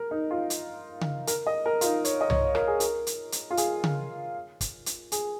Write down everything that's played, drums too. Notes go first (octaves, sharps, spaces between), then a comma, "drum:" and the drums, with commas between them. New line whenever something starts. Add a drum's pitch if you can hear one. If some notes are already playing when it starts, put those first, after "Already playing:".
Already playing: A#4
D#4
F4
drum: hi-hat
drum: tom C#3
A#4, drum: hi-hat
D#5
A#4
F4, drum: hi-hat
D#4
C#5, drum: hi-hat
D#5
C#5, drum: tom C2
A#4, drum: rim click
G#4
A#4, drum: hi-hat
drum: hi-hat
drum: hi-hat
F4
G#4, drum: hi-hat
drum: tom C#3
drum: kick, hi-hat
drum: hi-hat
G#4, drum: hi-hat